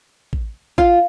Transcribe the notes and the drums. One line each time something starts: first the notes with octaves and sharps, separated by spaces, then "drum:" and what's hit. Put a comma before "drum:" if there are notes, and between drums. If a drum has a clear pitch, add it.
drum: kick A1
F4 F5, drum: kick A1